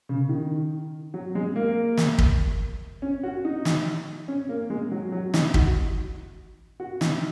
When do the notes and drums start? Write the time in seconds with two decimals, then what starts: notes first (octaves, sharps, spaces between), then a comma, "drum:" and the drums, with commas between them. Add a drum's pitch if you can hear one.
0.09 C#3
0.29 D#3
1.14 F#3
1.35 G#3
1.56 A#3
1.97 drum: snare
2.18 drum: kick
3.02 C#4
3.23 F#4
3.45 D#4
3.65 drum: snare
4.28 C#4
4.49 A#3
4.70 G#3
4.92 F#3
5.12 F#3
5.34 D#4, drum: snare
5.54 F#4, drum: kick
6.80 F#4
7.01 D#4, drum: snare